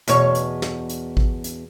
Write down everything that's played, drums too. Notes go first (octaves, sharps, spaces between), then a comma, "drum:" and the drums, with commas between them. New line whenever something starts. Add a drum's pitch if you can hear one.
E2 B2 C#5, drum: hi-hat
drum: hi-hat
drum: snare
drum: hi-hat
drum: kick G#1
drum: hi-hat